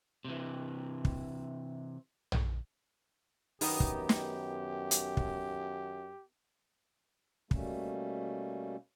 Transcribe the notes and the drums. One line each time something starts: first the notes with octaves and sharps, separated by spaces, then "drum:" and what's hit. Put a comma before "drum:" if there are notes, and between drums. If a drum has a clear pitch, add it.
C3 E3
drum: kick
drum: tom A#1
F#2 D#3 B3 D#4 G4, drum: open hi-hat
drum: kick
drum: snare
drum: hi-hat
drum: kick
B2 G3 A3 A#3 C#4, drum: kick